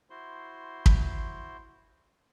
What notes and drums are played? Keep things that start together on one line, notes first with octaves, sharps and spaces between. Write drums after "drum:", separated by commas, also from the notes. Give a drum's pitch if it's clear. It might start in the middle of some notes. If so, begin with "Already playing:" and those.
E4 F#4 C5 C6
drum: kick